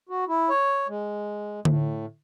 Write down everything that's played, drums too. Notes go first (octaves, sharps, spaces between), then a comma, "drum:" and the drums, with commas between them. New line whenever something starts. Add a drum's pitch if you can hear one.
F#4
E4
C#5
G#3
A2, drum: tom D3